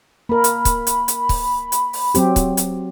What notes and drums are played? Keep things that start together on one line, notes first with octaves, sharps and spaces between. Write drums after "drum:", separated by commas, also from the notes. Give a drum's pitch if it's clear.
A#3 A#4 B5
drum: hi-hat
drum: kick C#1, hi-hat
drum: hi-hat
drum: hi-hat
drum: kick C#1, open hi-hat
drum: hi-hat
drum: open hi-hat
F#3 C4 G4, drum: hi-hat
drum: kick C#1, hi-hat
drum: hi-hat